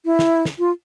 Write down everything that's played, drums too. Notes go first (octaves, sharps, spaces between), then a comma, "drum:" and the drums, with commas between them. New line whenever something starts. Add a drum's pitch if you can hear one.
E4
drum: snare
drum: snare
F4